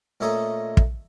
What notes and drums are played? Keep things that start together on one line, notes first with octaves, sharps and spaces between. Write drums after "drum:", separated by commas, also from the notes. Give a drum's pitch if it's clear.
A#2 A3 C#4 A4 D#5 A#5
drum: kick